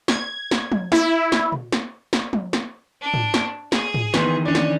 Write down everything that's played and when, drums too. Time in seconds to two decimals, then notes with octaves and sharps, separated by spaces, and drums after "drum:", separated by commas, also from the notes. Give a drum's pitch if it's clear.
0.08 G#6, drum: snare
0.51 drum: snare
0.72 drum: tom
0.92 E4, drum: snare
1.32 drum: snare
1.52 drum: tom A#2
1.72 drum: snare
2.13 drum: snare
2.33 drum: tom
2.53 drum: snare
3.01 D4
3.14 drum: tom G#2
3.34 drum: snare
3.72 G#4, drum: snare
3.94 drum: tom G#2
4.14 D#3 E3 B3 C6, drum: snare
4.45 C#4 D4 D5
4.55 drum: snare